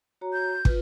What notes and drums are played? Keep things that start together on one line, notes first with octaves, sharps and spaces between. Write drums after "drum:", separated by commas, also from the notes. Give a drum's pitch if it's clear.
F#4 C#5 A#5
G6
F4 B4, drum: kick